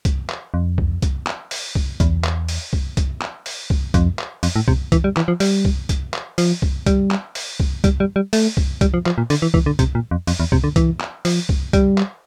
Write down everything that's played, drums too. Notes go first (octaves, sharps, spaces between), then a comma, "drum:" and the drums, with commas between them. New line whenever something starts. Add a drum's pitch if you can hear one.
drum: kick C2, hi-hat
drum: clap
F2
drum: kick C2
drum: kick C2, hi-hat
drum: clap
drum: open hi-hat
drum: kick C2
E2, drum: kick C2, hi-hat
drum: clap
drum: open hi-hat
drum: kick C2
drum: kick C2, hi-hat
drum: clap
drum: open hi-hat
drum: kick C2
F2, drum: kick C2, hi-hat
drum: clap
F2, drum: open hi-hat
A2
C3, drum: kick C2
E3, drum: kick C2, hi-hat
G3
E3, drum: clap
F3
G3, drum: open hi-hat
drum: kick C2
drum: kick C2, hi-hat
drum: clap
F3, drum: open hi-hat
drum: kick C2
G3, drum: kick C2, hi-hat
drum: clap
drum: open hi-hat
drum: kick C2
G3, drum: kick C2, hi-hat
G3
G3
A3, drum: open hi-hat
drum: kick C2
G3, drum: kick C2, hi-hat
F3
F3, drum: clap
A#2
D3, drum: open hi-hat
E3
E3, drum: kick C2
D3
C3, drum: kick C2, hi-hat
A#2
F2
F2, drum: open hi-hat
E2
C3, drum: kick C2
D3
E3, drum: kick C2, hi-hat
drum: clap
F3, drum: open hi-hat
drum: kick C2
G3, drum: kick C2, hi-hat
drum: clap